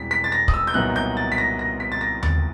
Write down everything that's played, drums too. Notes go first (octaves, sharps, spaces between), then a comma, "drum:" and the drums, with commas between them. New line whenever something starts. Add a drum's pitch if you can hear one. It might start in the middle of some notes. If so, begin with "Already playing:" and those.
Already playing: E1 E2 B2 G3 C4 B6
B6
A6
A#6
D#6, drum: kick
E6
G6
C2 A#2 F#3 B3 D#4 F#6
G6
A6
B6
A#6
A#6
B6
A6
A#6
A6, drum: tom D#2